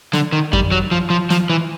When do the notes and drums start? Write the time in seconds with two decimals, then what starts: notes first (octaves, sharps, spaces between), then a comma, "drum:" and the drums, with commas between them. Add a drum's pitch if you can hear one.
0.13 D3, drum: snare
0.33 D#3
0.53 G3, drum: kick F#2
0.71 F#3
0.91 F3
1.10 F3
1.30 F3, drum: snare
1.50 E3